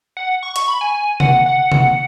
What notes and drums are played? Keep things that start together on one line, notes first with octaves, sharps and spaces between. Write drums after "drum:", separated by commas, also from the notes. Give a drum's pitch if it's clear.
F#5
C#6
C#6, drum: hi-hat
B5
G#5
G#5
F#5, drum: tom C3
F#5
drum: tom C3